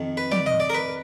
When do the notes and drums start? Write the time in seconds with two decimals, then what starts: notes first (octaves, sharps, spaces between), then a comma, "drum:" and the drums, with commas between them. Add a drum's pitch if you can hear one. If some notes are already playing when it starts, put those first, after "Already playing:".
Already playing: F2 D#3
0.17 B4
0.32 D5, drum: tom
0.46 D#5
0.60 D5
0.70 A#4
0.74 B4